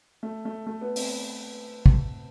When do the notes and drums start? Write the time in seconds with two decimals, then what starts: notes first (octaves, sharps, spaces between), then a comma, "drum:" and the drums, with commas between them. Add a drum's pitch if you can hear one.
0.23 A3
0.45 A3
0.66 A3
0.81 B3
0.96 C4, drum: open hi-hat
1.86 drum: kick